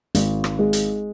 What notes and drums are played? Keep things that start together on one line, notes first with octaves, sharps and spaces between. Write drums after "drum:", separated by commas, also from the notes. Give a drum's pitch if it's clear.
G#1, drum: hi-hat
drum: rim click
G#3
drum: hi-hat